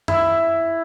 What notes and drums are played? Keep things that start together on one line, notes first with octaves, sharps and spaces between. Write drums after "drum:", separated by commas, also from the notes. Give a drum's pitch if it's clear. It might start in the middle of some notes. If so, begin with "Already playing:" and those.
E4, drum: tom F#2